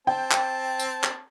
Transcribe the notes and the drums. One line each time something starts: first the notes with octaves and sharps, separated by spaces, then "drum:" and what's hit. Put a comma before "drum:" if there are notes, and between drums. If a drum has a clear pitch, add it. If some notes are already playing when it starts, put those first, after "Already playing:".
C4 G5 A5
drum: clap
drum: tambourine
drum: clap